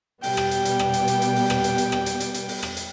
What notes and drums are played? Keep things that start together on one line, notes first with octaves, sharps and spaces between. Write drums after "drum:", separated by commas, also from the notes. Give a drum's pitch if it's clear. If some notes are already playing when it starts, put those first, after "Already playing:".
B2 G3 B3 G5, drum: open hi-hat
drum: rim click
drum: hi-hat
drum: hi-hat
drum: rim click
drum: hi-hat
drum: hi-hat
drum: hi-hat
drum: open hi-hat
drum: rim click
drum: hi-hat
drum: hi-hat
drum: rim click
drum: hi-hat
drum: hi-hat
drum: hi-hat
drum: open hi-hat
drum: rim click
drum: hi-hat